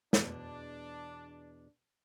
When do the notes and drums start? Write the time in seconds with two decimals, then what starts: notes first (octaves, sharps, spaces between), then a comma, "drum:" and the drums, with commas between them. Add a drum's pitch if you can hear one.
0.13 E2 B2 D4, drum: snare